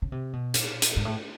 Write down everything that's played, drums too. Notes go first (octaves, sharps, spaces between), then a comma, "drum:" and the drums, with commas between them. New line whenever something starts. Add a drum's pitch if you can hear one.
C#3
C3
B2
A#2, drum: hi-hat
drum: hi-hat
G#2
A2